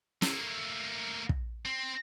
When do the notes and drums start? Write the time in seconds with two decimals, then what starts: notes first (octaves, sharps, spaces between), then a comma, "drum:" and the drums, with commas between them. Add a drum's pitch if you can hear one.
0.22 A3 A#3, drum: snare
1.29 drum: kick
1.65 C4